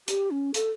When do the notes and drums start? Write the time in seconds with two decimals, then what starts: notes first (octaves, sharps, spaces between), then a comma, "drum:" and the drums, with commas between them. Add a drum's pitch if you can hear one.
0.08 G4, drum: hi-hat
0.31 C#4
0.54 A4, drum: hi-hat